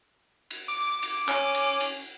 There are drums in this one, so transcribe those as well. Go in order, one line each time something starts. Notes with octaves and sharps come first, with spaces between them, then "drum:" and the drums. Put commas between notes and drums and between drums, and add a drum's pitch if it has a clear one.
drum: cymbal
D6
drum: cymbal
C#4, drum: clap
drum: cymbal
drum: cymbal